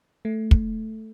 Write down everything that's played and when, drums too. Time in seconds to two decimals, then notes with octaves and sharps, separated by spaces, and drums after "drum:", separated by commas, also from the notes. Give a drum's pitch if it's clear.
0.25 A3
0.51 drum: kick